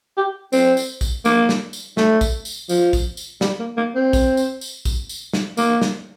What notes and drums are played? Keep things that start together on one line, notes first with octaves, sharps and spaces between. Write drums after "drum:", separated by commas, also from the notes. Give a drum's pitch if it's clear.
G4
C4, drum: tambourine
drum: tambourine
drum: kick, tambourine
A#3, drum: tambourine
drum: snare
drum: tambourine
A3, drum: snare
drum: kick, tambourine
drum: tambourine
F3, drum: tambourine
drum: kick, tambourine
drum: tambourine
G3, drum: snare
A#3
A#3
C4
drum: kick, tambourine
drum: tambourine
drum: tambourine
drum: kick, tambourine
drum: tambourine
drum: snare
A#3, drum: tambourine
drum: snare